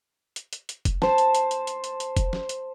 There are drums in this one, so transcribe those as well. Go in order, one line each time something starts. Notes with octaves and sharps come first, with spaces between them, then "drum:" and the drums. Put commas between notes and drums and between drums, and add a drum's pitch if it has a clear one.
drum: hi-hat
drum: hi-hat
drum: hi-hat
drum: kick, hi-hat
C5 A5, drum: snare
drum: hi-hat
drum: hi-hat
drum: hi-hat
drum: hi-hat
drum: hi-hat
drum: hi-hat
drum: kick, hi-hat
drum: snare
drum: hi-hat